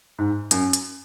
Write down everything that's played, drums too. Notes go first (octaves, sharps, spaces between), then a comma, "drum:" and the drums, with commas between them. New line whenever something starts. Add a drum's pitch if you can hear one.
G#2
F#2, drum: hi-hat
drum: hi-hat